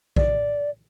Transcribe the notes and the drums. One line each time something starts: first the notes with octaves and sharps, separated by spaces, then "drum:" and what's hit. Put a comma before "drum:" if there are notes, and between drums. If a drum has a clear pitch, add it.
D5, drum: kick A#1